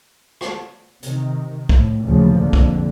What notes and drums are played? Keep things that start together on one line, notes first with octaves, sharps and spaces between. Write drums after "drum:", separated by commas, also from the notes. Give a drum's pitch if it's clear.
drum: rim click
C3 D#3, drum: hi-hat
A2, drum: kick
F#1 D2 A#2 C#3 F3
A#1 F2 D3
drum: kick